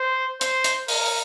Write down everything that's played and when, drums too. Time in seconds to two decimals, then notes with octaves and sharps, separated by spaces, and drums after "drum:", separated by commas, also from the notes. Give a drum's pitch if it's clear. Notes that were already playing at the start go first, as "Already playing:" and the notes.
Already playing: C5
0.41 C5, drum: hi-hat
0.64 drum: hi-hat
0.88 A#4, drum: open hi-hat